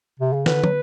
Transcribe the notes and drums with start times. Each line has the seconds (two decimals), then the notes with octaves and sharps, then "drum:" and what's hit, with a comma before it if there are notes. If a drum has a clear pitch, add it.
0.20 C3
0.33 C#3
0.46 D3 B4, drum: snare
0.64 F#3, drum: tom